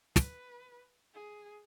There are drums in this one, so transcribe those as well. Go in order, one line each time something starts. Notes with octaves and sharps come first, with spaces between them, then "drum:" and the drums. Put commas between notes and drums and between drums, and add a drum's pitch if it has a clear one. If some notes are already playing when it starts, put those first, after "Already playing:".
B4, drum: snare
G#4